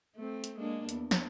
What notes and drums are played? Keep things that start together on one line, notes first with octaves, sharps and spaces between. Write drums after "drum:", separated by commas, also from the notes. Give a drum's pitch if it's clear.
A3 C4
drum: hi-hat
G#3 A#3 D4
E2, drum: hi-hat
drum: snare